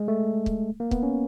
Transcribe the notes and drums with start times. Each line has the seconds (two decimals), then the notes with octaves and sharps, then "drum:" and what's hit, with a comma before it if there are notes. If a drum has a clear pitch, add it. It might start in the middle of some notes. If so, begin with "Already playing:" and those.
Already playing: G#3
0.08 A3
0.46 drum: kick
0.80 A#3
0.91 B3, drum: kick
1.03 C#4